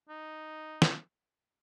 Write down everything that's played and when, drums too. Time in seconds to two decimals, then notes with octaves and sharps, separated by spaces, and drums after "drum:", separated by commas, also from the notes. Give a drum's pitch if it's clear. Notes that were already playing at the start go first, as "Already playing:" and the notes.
0.09 D#4
0.82 drum: snare